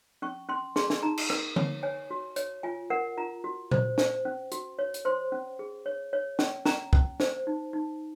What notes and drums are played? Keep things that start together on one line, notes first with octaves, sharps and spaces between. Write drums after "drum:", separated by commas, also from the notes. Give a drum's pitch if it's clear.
C#4 C#6
C#4 C6
G#4 C6, drum: snare
drum: snare
D#4 A#5
drum: cymbal
A#4, drum: rim click
C#5, drum: tom D3
C#5 G#5
F#4
C#5, drum: hi-hat
F4 G#5
A#4 F#5
F4 A#5
F#4
C5, drum: tom A#2
C5, drum: snare
C#4
F#4, drum: hi-hat
C#5
drum: hi-hat
C5 C6
C#4
G#4
C#5
C#5
C#4, drum: snare
C#4 A#5, drum: snare
C#4, drum: kick
C5, drum: snare
D#4
D#4